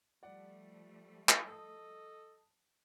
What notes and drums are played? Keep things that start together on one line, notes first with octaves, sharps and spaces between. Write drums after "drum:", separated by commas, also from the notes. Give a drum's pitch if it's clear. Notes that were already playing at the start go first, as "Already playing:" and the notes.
F3 G3 A3 D5 F#5
drum: clap
A4 D#5 A5 D#6